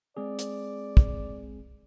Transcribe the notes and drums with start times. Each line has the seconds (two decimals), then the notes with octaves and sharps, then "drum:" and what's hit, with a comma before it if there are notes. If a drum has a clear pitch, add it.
0.17 G#3 C4 G#4 D5
0.39 drum: hi-hat
0.97 drum: kick